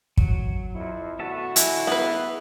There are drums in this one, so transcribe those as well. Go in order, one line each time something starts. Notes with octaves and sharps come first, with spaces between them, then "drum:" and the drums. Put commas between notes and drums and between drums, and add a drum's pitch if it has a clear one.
F#3, drum: kick
F2 E4
A2 D3 B3 F#4 E5 A5
E4 D#5 G#5 F#6, drum: hi-hat
B3 G#4 B4 D#5